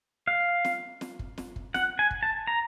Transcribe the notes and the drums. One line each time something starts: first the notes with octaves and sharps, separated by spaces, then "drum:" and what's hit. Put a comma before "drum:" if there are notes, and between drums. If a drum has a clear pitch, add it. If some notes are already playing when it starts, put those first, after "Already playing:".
F5
drum: snare
drum: snare
drum: kick
drum: snare
drum: kick
F#5, drum: snare
G#5
drum: kick
A5
A#5